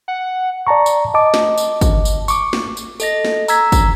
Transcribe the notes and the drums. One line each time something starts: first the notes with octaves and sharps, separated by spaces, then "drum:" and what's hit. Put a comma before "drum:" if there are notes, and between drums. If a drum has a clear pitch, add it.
F#5
D5 A5 A#5 C#6
drum: tambourine
D#5 A5 D6
drum: snare
drum: tambourine
drum: kick, tambourine
drum: tambourine
C#6 D6, drum: tambourine
drum: snare
drum: tambourine
A4 D#5 A#6, drum: tambourine
drum: snare
A#5 E6 G#6 B6, drum: tambourine
drum: kick, tambourine